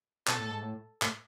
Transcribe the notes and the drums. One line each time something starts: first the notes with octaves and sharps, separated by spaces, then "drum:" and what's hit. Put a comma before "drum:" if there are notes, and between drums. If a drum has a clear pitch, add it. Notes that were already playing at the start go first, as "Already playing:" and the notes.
B2 A4, drum: clap
A2
G#2
A2
A2, drum: clap